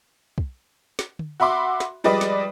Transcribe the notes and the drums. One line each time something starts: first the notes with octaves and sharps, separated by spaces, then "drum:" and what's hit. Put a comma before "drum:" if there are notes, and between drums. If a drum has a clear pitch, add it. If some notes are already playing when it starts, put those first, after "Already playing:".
drum: kick
drum: snare
drum: tom D3
F#4 E5 B5 C6 D6
drum: snare
F3 G3 G#3 B4 D5 D#5
drum: snare